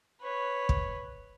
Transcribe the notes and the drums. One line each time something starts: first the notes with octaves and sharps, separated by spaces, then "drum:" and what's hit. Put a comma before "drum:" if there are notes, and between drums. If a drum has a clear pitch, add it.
B4 C#5
drum: kick